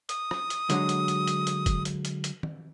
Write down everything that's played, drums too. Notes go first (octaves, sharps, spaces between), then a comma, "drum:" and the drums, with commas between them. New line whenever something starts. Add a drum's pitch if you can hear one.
D#6, drum: hi-hat
drum: rim click
drum: hi-hat
D3 F#3 G#3, drum: hi-hat
drum: hi-hat
drum: hi-hat
drum: hi-hat
drum: hi-hat
drum: kick, hi-hat
drum: hi-hat
drum: hi-hat
drum: hi-hat
drum: tom